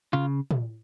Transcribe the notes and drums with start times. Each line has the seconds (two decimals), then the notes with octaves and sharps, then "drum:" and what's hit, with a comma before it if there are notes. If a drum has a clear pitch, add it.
0.13 C#3 F4
0.51 drum: tom